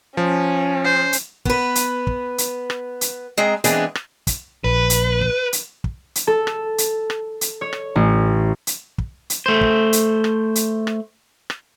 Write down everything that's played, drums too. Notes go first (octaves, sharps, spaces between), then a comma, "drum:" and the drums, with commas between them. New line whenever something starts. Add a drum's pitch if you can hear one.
F3 C#4
C5
drum: hi-hat
B3 B4, drum: kick
drum: hi-hat
drum: kick
drum: hi-hat
drum: rim click
drum: hi-hat
G#3 C4 G#4 A#5
E3 G#3 B3 C4 D4 G#4, drum: hi-hat
drum: rim click
drum: kick, hi-hat
A#1 B4
drum: hi-hat
drum: kick
drum: hi-hat
drum: kick
drum: hi-hat
A4
drum: rim click
drum: hi-hat
drum: rim click
drum: hi-hat
C#5
drum: rim click
A1
drum: hi-hat
drum: kick
drum: hi-hat
A3 C5
drum: kick
drum: hi-hat
drum: rim click
drum: hi-hat
drum: rim click
drum: rim click